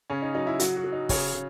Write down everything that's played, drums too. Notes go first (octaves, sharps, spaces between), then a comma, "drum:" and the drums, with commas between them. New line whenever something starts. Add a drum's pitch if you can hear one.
C#3 C#4
D#4
F#3 D#4
E4
F#3 F#4, drum: hi-hat
F#4
F#3
D#4
C#3 C#5, drum: kick, open hi-hat
C#3